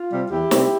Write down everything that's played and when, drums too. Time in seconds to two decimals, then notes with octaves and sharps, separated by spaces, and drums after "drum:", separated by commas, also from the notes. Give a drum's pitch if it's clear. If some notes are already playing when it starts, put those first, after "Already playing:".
Already playing: F4
0.10 C3 G3 C4
0.30 E2 E4 G4
0.51 C3 G3 C4, drum: snare